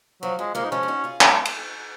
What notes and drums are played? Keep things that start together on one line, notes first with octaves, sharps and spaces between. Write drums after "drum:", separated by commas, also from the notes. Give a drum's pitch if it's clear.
F3 F#3
F3 G#3
F3 G#3 A#3
D#4
F3 G#3 C#4
G#4
D#4 F#4
F4 G#4
drum: clap
drum: cymbal